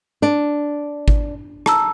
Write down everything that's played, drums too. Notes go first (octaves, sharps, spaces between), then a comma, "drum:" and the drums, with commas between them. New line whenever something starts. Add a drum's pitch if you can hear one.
D4
drum: kick G#1
A5 A#5 E6, drum: rim click